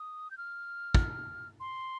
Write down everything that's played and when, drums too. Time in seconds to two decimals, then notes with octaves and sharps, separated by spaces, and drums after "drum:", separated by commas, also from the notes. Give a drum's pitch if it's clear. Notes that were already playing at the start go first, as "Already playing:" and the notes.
Already playing: D#6
0.31 G6
0.38 F6
0.95 drum: kick
1.60 C6